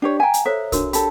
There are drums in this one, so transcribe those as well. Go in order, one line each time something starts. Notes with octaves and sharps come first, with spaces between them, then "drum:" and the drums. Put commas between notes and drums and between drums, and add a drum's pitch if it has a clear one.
D4 G4 C#5
F5 G5 G#5 A#5
drum: hi-hat
A4 C5 C#5 E5
D4 F#4 A#4, drum: kick, hi-hat
G4 A4 B5, drum: hi-hat